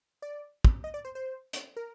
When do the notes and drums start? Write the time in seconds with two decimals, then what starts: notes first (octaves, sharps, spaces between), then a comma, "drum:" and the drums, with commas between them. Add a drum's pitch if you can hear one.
0.22 D5
0.65 drum: kick
0.84 D#5
0.94 D5
1.05 C5
1.15 C5
1.53 drum: hi-hat
1.76 A#4